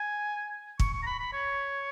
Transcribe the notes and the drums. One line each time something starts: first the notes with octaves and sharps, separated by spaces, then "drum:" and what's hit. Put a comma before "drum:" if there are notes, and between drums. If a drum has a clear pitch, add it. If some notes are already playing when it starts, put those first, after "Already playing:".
Already playing: G#5
C#6, drum: kick
C#6
A#5
B5
B5
C#5